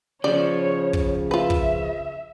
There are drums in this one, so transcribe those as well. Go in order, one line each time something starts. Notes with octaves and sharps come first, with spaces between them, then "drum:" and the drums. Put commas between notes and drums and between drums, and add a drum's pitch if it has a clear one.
C#3 F3 C#5 D5
drum: kick
F4 B4 E5
drum: kick